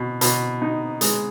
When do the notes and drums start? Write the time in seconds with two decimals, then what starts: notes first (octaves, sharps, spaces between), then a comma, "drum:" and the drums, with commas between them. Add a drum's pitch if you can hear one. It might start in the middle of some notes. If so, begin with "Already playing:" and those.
Already playing: B2
0.21 B2, drum: hi-hat
0.62 D#4
1.01 G#3, drum: hi-hat